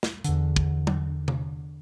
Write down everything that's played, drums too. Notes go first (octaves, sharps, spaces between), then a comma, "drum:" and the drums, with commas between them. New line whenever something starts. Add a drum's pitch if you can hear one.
drum: snare
E2 D3, drum: hi-hat
drum: kick
drum: tom
drum: tom C3